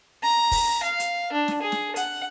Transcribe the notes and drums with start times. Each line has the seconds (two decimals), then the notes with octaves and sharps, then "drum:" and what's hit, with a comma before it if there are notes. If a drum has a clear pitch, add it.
0.23 A#5
0.51 drum: kick, open hi-hat
0.83 F5
1.00 drum: hi-hat
1.33 D4
1.48 drum: snare
1.61 G#4
1.72 drum: snare
1.96 F#5, drum: hi-hat